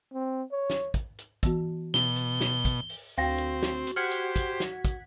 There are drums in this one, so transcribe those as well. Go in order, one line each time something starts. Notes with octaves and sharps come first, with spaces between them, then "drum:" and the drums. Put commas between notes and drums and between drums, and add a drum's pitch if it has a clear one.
C4
C#5
drum: snare
drum: kick, hi-hat
drum: hi-hat
E3 B3 F#4, drum: kick, hi-hat
B2 G7, drum: snare
drum: hi-hat
drum: snare
drum: kick, hi-hat
drum: open hi-hat
D2 C4 F#4 F5 G5 A#6
drum: hi-hat
drum: snare
drum: hi-hat
G4 C5 F#5 F6 G#6 B6 C#7
drum: hi-hat
drum: kick, hi-hat
drum: snare
drum: kick, hi-hat